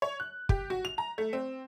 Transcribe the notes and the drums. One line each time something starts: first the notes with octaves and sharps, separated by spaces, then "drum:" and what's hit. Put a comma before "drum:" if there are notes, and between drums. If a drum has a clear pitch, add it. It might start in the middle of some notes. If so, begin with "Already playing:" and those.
C#5
F#6
G4, drum: kick
F#4
F7
A#5
A3
C4